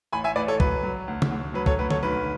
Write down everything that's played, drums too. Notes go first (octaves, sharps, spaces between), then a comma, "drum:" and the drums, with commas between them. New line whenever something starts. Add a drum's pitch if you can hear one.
A1 G#5 B5
E5 G#5
A1 B4 D5
A4 C#5
F#3 B4, drum: kick
F#3
D2
drum: tom
D2
F#3 B4
A4 C#5, drum: kick
D2 B4
A4 C#5, drum: tom D3
B1 B4